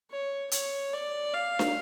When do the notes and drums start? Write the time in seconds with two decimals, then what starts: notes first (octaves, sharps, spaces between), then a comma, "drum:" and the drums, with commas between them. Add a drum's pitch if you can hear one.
0.11 C#5
0.51 C#5, drum: hi-hat
0.93 D5
1.34 F5
1.59 drum: snare